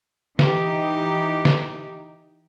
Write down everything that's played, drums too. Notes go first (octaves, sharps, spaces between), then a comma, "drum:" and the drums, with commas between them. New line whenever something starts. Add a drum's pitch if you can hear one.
E3 D#4 G4, drum: snare
drum: snare